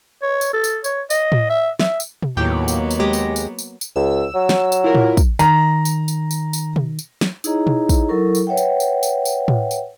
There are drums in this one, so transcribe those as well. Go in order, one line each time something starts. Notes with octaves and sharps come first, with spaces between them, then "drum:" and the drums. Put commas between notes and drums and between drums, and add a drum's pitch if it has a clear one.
C#5
drum: tambourine
A4
drum: tambourine
C#5, drum: tambourine
D#5, drum: tambourine
drum: tom A2
E5
E5, drum: snare
drum: tambourine
drum: tom B2
D#2 A2 F#3 A#3 B3 G4 G5
drum: tambourine
drum: tambourine
G#3 G4 A#6
drum: tambourine
drum: tambourine
drum: tambourine
drum: tambourine
C#2 E6
F#3
drum: snare
drum: tambourine
E4 F4 A#4
drum: tom A2
drum: kick, tambourine
D#3 A#5, drum: tambourine
drum: tambourine
drum: tambourine
drum: tambourine
drum: tambourine
drum: tom B2
drum: tambourine
drum: snare
D#4 E4 G#4 C#5 D#5 A#5, drum: tambourine
drum: tom B2
drum: kick, tambourine
F#3 E4 A4 A#4 C#6
drum: tambourine
B4 C#5 E5 F#5 G5
drum: tambourine
drum: tambourine
drum: tambourine
drum: tambourine
drum: tom A2
drum: tambourine